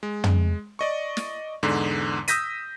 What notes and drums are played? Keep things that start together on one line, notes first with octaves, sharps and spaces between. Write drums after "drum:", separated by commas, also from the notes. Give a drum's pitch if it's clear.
G#3
drum: tom
D5 D#5 C#6
drum: snare
E2 G#2 D3
D#6 E6 G6 A#6 B6 D#7, drum: hi-hat